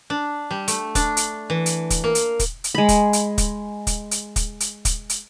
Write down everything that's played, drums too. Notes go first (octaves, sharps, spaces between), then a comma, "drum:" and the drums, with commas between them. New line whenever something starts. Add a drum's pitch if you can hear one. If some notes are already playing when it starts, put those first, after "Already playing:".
D4
G3
A3, drum: hi-hat
D4, drum: kick, hi-hat
drum: hi-hat
E3
drum: hi-hat
drum: kick, hi-hat
A#3
drum: hi-hat
drum: kick, hi-hat
drum: hi-hat
G#3 B5
drum: kick, hi-hat
drum: hi-hat
drum: kick, hi-hat
drum: kick, hi-hat
drum: hi-hat
drum: kick, hi-hat
drum: hi-hat
drum: kick, hi-hat
drum: hi-hat